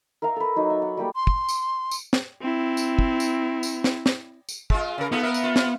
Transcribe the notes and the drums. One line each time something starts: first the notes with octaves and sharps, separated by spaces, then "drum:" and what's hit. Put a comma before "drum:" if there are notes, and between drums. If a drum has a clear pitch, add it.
A#4 E5 F5 A#5
A4 B4
F#3 D#4 D#5 D6
E5
F#5
G3 A#3 G4 A4
C6
drum: kick
drum: tambourine
drum: tambourine
drum: snare
C4 E4
drum: tambourine
drum: kick
drum: tambourine
drum: tambourine
drum: snare
drum: snare
drum: tambourine
G#3 F4, drum: kick
C#3 A#4
B3 D#4 F4 A4
A#4 E5
drum: tambourine
F4
drum: snare